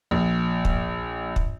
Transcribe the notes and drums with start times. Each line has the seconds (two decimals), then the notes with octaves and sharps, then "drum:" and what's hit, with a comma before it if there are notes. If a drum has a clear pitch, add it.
0.11 A#1
0.65 drum: kick
1.36 drum: kick